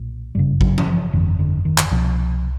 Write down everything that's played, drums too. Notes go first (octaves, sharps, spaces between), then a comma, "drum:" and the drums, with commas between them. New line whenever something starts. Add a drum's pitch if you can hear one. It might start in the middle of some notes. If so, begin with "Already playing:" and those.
Already playing: B1 A#2
G1 F#2 C#3 G3
F#3, drum: kick A1
drum: tom E3
F3
G1 F2 D3 E3
D3
D#3
drum: clap
C2 B2 F3